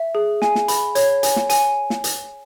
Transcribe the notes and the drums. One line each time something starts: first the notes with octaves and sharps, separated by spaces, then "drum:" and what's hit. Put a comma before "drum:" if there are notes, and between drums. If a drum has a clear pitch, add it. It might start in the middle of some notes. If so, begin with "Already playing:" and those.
Already playing: E5
G#4
G#5, drum: snare
drum: snare
B5, drum: hi-hat
C#5, drum: hi-hat
G#5, drum: hi-hat
drum: snare
G#5, drum: hi-hat
drum: snare
drum: hi-hat